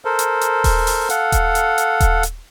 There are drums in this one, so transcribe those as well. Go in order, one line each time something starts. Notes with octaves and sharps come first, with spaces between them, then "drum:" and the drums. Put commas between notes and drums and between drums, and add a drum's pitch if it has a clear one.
A4 A#4 C5
drum: hi-hat
drum: hi-hat
drum: kick D#1, open hi-hat
drum: open hi-hat
A4 F5 F#5, drum: hi-hat
drum: kick D#1, hi-hat
drum: hi-hat
drum: hi-hat
drum: kick D#1, hi-hat
drum: hi-hat